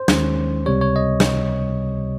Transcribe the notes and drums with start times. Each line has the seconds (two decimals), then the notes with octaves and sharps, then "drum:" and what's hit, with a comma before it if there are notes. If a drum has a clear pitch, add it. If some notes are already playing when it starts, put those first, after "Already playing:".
Already playing: C5
0.08 D#2 D#3 G#3 C#4, drum: snare
0.66 C#2 C3 G3 C#5
0.81 C#5
0.96 D#5
1.20 drum: snare